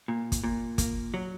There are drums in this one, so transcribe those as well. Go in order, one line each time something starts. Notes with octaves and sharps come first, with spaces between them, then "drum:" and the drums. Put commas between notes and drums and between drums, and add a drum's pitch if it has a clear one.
A#2
drum: kick, hi-hat
A#2
A#3, drum: kick, hi-hat
F#3